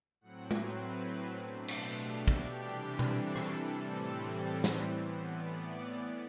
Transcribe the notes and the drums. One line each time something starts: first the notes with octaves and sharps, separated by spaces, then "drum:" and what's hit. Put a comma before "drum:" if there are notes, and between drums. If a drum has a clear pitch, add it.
A2 F#3 C4 F#5
B4, drum: tom G#3
B4
B2 A3 D4
C5, drum: cymbal
G4
G4, drum: kick
C3 E3 G3 D4
drum: tom B2
A4
drum: rim click
A2 E3 G3 C4 A4
A4
B4, drum: snare
A2 E3 B3 C5
D5
D5